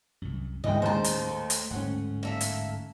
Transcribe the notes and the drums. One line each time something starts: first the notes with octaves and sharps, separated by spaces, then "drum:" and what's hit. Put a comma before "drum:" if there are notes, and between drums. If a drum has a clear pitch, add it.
C2 F#2
G2 C#3 E3 G#3 D4 D#5 G5
D#2 A2 G#3 C#4 C5 A5 A#5
drum: hi-hat
A3
drum: hi-hat
D1 G#2 A3 C#4 F#5
A#3 A4 E5
drum: hi-hat